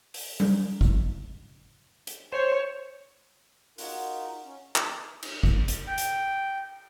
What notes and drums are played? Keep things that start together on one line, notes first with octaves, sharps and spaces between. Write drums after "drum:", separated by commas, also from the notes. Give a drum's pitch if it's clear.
drum: open hi-hat
drum: tom G3
drum: kick
drum: hi-hat
C5 C#5
D#4 F4 F#4 A#4 C#5 F#5, drum: open hi-hat
C#4
drum: clap
drum: cymbal
drum: kick
drum: hi-hat
G5
drum: hi-hat